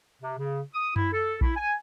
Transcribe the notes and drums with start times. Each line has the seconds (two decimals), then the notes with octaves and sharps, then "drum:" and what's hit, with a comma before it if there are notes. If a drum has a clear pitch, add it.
0.22 C3
0.38 C#3
0.74 D#6
0.96 E4, drum: tom F#2
1.13 A4
1.41 E4, drum: kick A#1
1.56 G#5